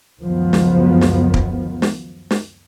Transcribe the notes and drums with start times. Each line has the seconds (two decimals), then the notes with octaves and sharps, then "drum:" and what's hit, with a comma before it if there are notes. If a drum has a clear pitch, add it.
0.21 C#2 F#2 D#3 F3 B3
0.53 drum: snare
1.01 drum: snare
1.34 drum: kick
1.82 drum: snare
2.31 drum: snare